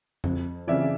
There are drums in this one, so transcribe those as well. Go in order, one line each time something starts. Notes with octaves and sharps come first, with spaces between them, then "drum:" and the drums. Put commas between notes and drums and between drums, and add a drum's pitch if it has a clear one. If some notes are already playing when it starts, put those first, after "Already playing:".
F2, drum: tom F2
C#3 E3 D5 E5